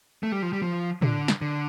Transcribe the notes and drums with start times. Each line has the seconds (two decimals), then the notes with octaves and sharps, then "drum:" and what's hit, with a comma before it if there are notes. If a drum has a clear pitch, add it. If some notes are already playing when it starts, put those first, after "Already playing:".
0.23 A3
0.32 G3
0.42 F3
0.53 G3
0.62 F3
1.02 D3, drum: tom A2
1.28 drum: snare
1.42 D3